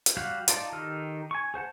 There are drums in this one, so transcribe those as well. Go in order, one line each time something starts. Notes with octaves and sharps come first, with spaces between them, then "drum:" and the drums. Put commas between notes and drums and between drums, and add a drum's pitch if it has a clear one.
drum: hi-hat
G3 F#4 G4 F5 F#5
D#4 F4 D5 A5, drum: hi-hat
D#3 D#4 G4 A4 F6
G#5 C#6
G#4 C5 F#5 A5